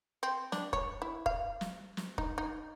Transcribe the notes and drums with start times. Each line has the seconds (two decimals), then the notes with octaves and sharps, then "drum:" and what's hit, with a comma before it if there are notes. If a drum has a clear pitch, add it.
0.23 C4
0.52 D4, drum: snare
0.73 C#5, drum: kick
1.02 E4
1.26 F5, drum: kick
1.61 drum: snare
1.97 drum: snare
2.18 D#4, drum: kick
2.38 D#4